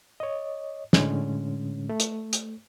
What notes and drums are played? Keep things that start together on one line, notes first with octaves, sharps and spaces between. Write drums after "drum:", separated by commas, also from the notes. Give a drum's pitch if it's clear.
C#5 D#5
A2 D3 G#3 C#4, drum: snare
A3
drum: hi-hat
drum: hi-hat